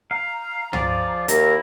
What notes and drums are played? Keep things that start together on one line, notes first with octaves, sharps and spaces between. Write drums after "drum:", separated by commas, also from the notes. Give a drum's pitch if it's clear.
F5 A#5
F3 F4 G#4 D5, drum: tom
D#2 E4 A#4 A#5, drum: hi-hat